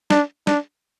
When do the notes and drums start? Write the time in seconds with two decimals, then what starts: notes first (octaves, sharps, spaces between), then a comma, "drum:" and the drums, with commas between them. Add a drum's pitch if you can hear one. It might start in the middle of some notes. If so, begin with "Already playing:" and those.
0.10 D4, drum: snare
0.47 D4, drum: snare